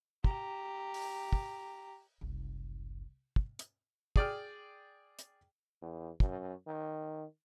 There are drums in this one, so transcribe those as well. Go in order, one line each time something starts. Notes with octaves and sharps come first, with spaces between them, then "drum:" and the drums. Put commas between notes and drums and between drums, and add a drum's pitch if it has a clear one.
G4 A#5, drum: kick
drum: open hi-hat
drum: kick
F#1 C2
drum: kick
drum: hi-hat
G#4 D5 G5 F6, drum: kick
drum: hi-hat
E2
F#2, drum: kick
D#3